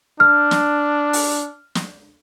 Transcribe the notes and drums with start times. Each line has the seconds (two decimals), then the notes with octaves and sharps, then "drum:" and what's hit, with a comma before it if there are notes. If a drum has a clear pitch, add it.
0.20 D4 F6
0.51 drum: snare
1.13 drum: open hi-hat
1.75 drum: snare